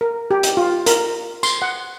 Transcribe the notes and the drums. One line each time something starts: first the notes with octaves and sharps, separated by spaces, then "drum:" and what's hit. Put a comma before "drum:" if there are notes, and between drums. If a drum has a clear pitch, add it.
A#4
G4
drum: hi-hat
F4
A#4, drum: hi-hat
C6, drum: tambourine
F#5